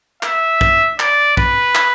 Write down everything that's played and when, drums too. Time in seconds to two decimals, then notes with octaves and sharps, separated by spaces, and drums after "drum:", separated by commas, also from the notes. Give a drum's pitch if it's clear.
0.23 E5, drum: clap
0.61 drum: kick
1.00 D5, drum: clap
1.37 B4, drum: kick
1.75 drum: clap